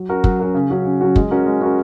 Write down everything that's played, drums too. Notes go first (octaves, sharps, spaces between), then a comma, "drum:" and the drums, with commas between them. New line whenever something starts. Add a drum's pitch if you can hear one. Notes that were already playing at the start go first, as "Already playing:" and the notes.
Already playing: F#3
C#4 F#4 A#4
F#3, drum: kick
C#4 F#4 A#4
C#3
F#3 C#4 F#4
C#3
F#3 C#4 F#4
G#3, drum: kick
C#4 F#4 A#4
G#3
C#4 F#4 A#4